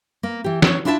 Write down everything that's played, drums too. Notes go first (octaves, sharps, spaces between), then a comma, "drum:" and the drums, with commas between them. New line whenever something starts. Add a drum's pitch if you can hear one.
A#3
E3 G4
F4 C#5, drum: snare
D4 E4 F4 E5 F5 A5